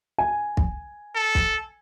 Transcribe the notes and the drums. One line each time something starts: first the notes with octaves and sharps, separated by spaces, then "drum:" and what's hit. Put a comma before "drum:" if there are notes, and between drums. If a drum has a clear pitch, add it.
G#5
drum: kick
A4
drum: kick